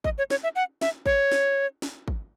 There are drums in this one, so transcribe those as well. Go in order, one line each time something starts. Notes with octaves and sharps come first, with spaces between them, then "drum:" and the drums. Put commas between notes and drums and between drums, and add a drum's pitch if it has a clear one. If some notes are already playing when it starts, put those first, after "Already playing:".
D#5, drum: kick
C#5
C#5, drum: snare
E5
F#5
E5, drum: snare
C#5, drum: kick
drum: snare
drum: snare
drum: kick